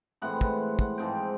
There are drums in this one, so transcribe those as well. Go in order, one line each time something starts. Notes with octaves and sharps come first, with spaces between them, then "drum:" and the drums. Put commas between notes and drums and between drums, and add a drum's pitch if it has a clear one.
A2 E3 G#3 C4 F#5
F#5, drum: kick
F#5, drum: kick
G#2 F3 G#3 C4 G5